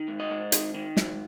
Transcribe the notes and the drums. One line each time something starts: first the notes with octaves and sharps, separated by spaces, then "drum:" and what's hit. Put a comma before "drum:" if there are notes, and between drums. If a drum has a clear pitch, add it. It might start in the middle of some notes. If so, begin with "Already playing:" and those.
Already playing: D#3
G#2
D#5
G#2
D#3, drum: hi-hat
D#3
G#2, drum: snare